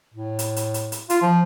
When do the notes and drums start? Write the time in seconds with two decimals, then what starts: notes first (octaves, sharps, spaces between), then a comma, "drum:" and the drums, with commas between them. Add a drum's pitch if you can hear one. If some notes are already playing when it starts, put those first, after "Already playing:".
0.14 A2
0.39 drum: hi-hat
0.56 drum: hi-hat
0.74 drum: hi-hat
0.92 drum: hi-hat
1.10 F4, drum: hi-hat
1.22 F3